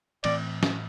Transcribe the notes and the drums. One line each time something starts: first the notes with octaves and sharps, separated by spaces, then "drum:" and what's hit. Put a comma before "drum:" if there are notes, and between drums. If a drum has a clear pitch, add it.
A2 E3 A3 C4 D5, drum: cymbal
drum: snare